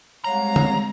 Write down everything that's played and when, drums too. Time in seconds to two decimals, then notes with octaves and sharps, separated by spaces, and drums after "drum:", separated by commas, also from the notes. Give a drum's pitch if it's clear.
0.24 G3 G#3 C4 C#5 F5 F#5 A#5
0.56 drum: tom